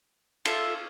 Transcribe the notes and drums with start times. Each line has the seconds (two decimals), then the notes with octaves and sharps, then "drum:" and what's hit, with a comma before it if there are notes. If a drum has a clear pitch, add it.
0.45 F4 A4 E5, drum: cymbal